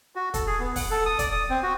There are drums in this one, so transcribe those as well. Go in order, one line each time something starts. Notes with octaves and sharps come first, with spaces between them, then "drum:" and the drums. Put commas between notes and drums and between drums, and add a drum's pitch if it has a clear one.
F#4
A4, drum: kick, hi-hat
G#4
B3
F#5, drum: kick, open hi-hat
A4
D#6
D5, drum: kick, hi-hat
D#6
C4
F#4